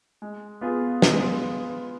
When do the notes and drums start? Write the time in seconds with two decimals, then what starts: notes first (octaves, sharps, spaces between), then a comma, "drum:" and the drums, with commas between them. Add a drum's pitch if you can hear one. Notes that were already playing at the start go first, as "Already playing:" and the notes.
0.22 G#3
0.61 B3 F4 G#4
1.02 G#3, drum: snare